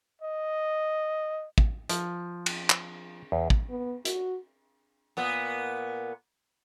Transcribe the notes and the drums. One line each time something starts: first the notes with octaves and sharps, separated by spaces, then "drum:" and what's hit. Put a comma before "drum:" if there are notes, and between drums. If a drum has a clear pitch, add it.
D#5
drum: kick
F3, drum: hi-hat
drum: cymbal
drum: clap
E2
drum: kick
B3
F#4, drum: hi-hat
A#2 B3